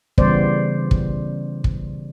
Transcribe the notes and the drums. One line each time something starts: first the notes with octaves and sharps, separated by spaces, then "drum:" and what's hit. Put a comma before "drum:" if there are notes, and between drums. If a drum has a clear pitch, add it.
C#3 E3 G3 B3 C5 D5, drum: kick
drum: kick
drum: kick